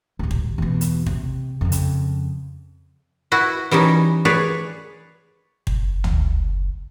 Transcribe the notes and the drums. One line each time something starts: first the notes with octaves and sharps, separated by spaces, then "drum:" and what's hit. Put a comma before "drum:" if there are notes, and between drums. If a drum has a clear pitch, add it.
D1 G3
drum: kick
E2 B2
drum: hi-hat
C3, drum: kick
F2 C#3
drum: hi-hat
E4 F#4 B4
E3 G3 C#4 D#4
G#4 B4 C#5 D5
F#1, drum: kick
drum: tom